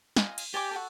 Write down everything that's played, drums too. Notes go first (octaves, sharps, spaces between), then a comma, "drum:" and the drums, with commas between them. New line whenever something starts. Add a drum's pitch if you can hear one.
F4 D#5 G#5, drum: snare
drum: cymbal
G4 D5 G#5 D6
F#4 G#4 A4